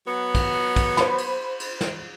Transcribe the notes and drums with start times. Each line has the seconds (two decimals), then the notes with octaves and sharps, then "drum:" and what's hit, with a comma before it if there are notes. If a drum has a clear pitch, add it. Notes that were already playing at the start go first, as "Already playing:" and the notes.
0.06 F#3 B3
0.35 drum: kick, cymbal
0.76 drum: kick, cymbal
0.97 C5 B5, drum: snare
1.18 drum: cymbal
1.60 drum: cymbal
1.81 drum: snare